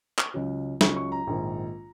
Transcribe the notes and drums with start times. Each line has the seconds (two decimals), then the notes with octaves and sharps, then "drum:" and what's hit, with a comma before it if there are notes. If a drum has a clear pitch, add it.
0.18 drum: clap
0.34 C#2 C#3 F#3
0.81 C#2 C#3 F#3 C#6, drum: snare
0.96 C#6
1.12 A#5
1.27 A#1 G#2 D#3